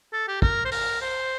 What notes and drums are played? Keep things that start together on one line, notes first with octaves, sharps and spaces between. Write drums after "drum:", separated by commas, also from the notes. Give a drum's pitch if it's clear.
A4
G4
A#4, drum: kick
C5
A#4, drum: open hi-hat
C5